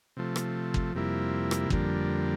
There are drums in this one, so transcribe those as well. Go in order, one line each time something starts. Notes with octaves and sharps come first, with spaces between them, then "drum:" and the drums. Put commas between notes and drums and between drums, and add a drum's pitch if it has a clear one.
C3 F3 A3
drum: rim click
drum: kick G1
F2 C3 G3 A#3 E4
drum: rim click
F2 D3 G3 A#3, drum: kick G1